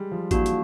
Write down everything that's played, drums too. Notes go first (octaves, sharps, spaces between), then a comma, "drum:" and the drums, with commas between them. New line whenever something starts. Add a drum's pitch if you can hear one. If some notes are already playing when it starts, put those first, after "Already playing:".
Already playing: G3 G#3
F3
E3 A#3 D4 F#4, drum: kick A1, hi-hat
drum: hi-hat